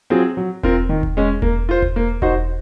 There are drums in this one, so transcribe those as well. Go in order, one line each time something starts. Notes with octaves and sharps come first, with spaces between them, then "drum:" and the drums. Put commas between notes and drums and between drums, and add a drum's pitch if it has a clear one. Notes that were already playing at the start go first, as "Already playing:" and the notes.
F#3 C4 F4 G#4
F#3
C4 F4 A#4, drum: kick E1
D#3
drum: kick E1
G#3 C#4
A#3, drum: kick E1
F4 C5
drum: kick E1
A#3
D#4 F#4 C5, drum: kick E1